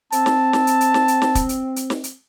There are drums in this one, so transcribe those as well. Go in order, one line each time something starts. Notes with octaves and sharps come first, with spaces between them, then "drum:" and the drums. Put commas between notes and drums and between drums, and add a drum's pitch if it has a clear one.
C4 A5, drum: hi-hat
drum: snare
drum: snare
drum: hi-hat
drum: hi-hat
drum: snare
drum: hi-hat
drum: snare
drum: kick, hi-hat
drum: hi-hat
drum: hi-hat
drum: snare
drum: hi-hat